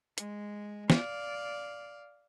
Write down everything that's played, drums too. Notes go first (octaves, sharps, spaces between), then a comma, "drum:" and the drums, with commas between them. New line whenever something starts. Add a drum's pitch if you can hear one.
G#3, drum: hi-hat
D5 F5, drum: snare